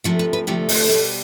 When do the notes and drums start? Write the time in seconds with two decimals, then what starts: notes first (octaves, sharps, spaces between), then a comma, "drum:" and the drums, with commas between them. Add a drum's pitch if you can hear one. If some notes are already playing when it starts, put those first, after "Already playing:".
0.04 D2 C3 F3 A3 A4
0.19 B4
0.33 B4
0.47 D2 C3 F3 A3 G4
0.69 A4, drum: open hi-hat
0.90 B2 G3